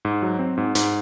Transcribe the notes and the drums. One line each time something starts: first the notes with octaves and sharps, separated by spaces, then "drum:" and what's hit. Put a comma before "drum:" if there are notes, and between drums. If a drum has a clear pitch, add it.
G#2
F#3
C4
G#2
G#2, drum: hi-hat